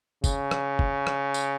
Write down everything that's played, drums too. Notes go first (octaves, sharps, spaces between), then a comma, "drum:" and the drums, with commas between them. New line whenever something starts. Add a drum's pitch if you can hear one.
C#3, drum: kick, tambourine
drum: rim click
drum: kick
drum: rim click
drum: tambourine